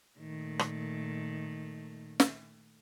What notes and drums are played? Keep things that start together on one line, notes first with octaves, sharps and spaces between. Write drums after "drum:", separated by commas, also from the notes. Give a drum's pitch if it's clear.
A#2 D#3 A3
drum: rim click
drum: snare